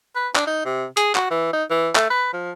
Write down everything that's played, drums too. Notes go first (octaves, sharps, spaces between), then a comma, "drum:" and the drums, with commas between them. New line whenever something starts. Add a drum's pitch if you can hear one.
B4
D4, drum: clap
D#4
C3
G#4, drum: hi-hat
F#4, drum: clap
E3
D#4
E3
A3, drum: clap
B4
F3